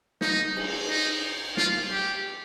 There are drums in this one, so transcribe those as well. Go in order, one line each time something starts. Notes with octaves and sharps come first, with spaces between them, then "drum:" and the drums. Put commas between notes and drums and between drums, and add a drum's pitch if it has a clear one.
D#4, drum: snare
drum: cymbal
D#4
F4, drum: snare
G4